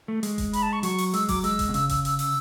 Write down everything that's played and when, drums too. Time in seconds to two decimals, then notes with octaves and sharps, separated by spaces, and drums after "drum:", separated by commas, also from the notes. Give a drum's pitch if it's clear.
0.08 A3
0.23 G#3, drum: hi-hat
0.38 drum: kick F#1, hi-hat
0.53 B5, drum: hi-hat
0.63 A5
0.73 C#6
0.83 F#3 C#6, drum: hi-hat
0.98 drum: open hi-hat
1.14 G#3 E6, drum: hi-hat
1.29 F#3 D6, drum: kick F#1, open hi-hat
1.44 G#3 E6, drum: hi-hat
1.59 drum: kick F#1, hi-hat
1.69 B2
1.74 C#3 E6, drum: hi-hat
1.89 E6, drum: kick F#1, hi-hat
2.05 E6, drum: hi-hat
2.19 E6, drum: open hi-hat